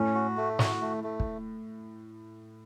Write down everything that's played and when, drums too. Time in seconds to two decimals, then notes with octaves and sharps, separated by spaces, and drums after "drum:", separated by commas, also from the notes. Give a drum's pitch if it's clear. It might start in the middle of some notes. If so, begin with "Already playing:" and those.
Already playing: A2 C#4
0.15 F#4
0.37 A3
0.59 F#4, drum: snare
0.81 A3
1.04 A3
1.20 drum: kick